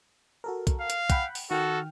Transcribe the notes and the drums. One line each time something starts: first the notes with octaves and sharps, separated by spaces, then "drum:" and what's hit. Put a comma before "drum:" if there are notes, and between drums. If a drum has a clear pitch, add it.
F#4 A4 A#4
drum: kick, hi-hat
F5
drum: hi-hat
F#5 G5 B5, drum: kick, hi-hat
drum: open hi-hat
D#3 F#4 A4 G5 F6